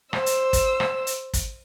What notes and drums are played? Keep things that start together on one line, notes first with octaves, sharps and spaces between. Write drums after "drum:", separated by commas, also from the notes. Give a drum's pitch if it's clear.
C5 E6, drum: rim click
drum: hi-hat
drum: kick, hi-hat
drum: rim click
drum: hi-hat
drum: kick, hi-hat